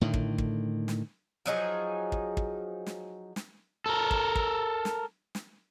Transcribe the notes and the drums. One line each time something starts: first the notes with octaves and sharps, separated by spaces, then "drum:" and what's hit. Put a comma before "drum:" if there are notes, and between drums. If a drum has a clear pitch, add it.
A2 D3 D#3
drum: kick
drum: kick
drum: snare
F3 F#3 D#4 G#4
drum: kick
drum: kick
drum: snare
drum: snare
A4 A#4
drum: kick
drum: kick
drum: snare
drum: snare